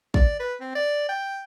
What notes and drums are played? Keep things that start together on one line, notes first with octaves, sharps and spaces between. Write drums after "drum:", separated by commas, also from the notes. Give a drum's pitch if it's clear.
D5, drum: kick
B4
C4
D5
G5